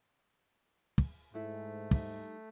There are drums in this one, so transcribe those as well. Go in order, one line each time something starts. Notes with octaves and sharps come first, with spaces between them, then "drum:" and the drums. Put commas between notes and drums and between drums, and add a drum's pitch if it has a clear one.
drum: kick
G#2 A3 E4 A4
G3 D#4 E5, drum: kick